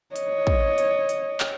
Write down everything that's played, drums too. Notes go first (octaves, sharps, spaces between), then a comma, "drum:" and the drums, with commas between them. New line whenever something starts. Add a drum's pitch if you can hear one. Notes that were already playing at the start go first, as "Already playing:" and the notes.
C#5 D#5, drum: hi-hat
drum: kick
drum: hi-hat
drum: hi-hat
drum: clap